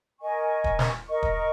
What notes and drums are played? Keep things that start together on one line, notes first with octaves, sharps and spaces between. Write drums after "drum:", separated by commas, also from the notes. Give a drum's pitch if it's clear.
A#4 D#5 G#5 C#6
drum: kick
drum: snare
A#4 D#5 C#6
drum: kick